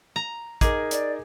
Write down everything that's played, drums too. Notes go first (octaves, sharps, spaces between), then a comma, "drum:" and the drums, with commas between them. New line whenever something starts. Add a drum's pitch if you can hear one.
A#5
D#4 G#4 A#4 D6, drum: kick, hi-hat
D5, drum: hi-hat